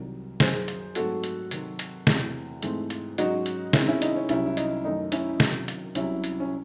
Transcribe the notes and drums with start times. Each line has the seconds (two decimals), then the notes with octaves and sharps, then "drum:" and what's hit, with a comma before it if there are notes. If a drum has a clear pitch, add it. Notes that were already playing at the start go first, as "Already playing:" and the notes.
Already playing: C2 C3 D#3 F#3
0.40 F#2 D#3 F#3 G#4 C5, drum: snare
0.68 drum: hi-hat
0.95 G#2 F#3 A3 C4 F#4 A4, drum: hi-hat
1.24 drum: hi-hat
1.51 C3 D#3 F#3 C4, drum: hi-hat
1.79 drum: hi-hat
2.07 E2 C3 E3 A3, drum: snare
2.63 G#2 E3 A3 C4, drum: hi-hat
2.90 drum: hi-hat
3.18 G#2 F#3 C#4 D#4 F#4, drum: hi-hat
3.46 drum: hi-hat
3.73 C3 D#3 G#3 C4 C#4 E4, drum: snare
3.88 C#4 E4
4.02 D#4, drum: hi-hat
4.15 C#4
4.29 C2 C3 F#3 C#4 E4, drum: hi-hat
4.46 E4
4.57 D#4, drum: hi-hat
4.85 F#2 D#3 A3 D#4
5.12 C#4 E4, drum: hi-hat
5.40 C3 D#3 F#3, drum: snare
5.68 drum: hi-hat
5.95 C2 C3 F#3 C#4 E4, drum: hi-hat
6.24 drum: hi-hat
6.40 C#4